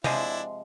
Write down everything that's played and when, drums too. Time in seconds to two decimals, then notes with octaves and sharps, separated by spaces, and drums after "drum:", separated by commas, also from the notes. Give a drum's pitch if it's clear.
0.04 C3 F3 G#3 D4 E4, drum: tom C3